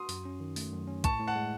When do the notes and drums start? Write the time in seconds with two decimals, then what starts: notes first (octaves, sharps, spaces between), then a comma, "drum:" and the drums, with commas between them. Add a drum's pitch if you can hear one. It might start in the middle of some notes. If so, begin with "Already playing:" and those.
Already playing: F#4 C6 D#6
0.09 F#2, drum: open hi-hat
0.25 C#4
0.40 D#3
0.56 A3, drum: open hi-hat
0.72 F#2
0.87 C#4
1.04 A2 A5 C#6, drum: kick A#1, hi-hat
1.20 A2
1.27 F#5 A5
1.36 G#3